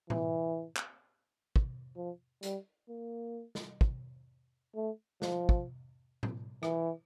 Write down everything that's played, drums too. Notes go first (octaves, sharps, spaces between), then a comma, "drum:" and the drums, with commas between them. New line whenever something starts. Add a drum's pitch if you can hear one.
E3, drum: tom A2
drum: clap
drum: kick
F3
G3, drum: hi-hat
A#3
drum: snare
drum: kick
A3
F3, drum: snare
drum: kick
drum: tom A2
E3, drum: rim click